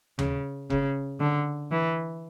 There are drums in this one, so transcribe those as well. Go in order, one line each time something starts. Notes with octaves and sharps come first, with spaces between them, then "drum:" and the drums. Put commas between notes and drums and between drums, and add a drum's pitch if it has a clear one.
C#3, drum: tom D#2
C#3, drum: kick F1
D3
E3